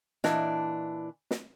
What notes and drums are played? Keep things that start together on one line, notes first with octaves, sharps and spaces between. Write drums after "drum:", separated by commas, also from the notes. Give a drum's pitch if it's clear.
A#2 E3 D4 E4 D#5 A5, drum: snare
drum: snare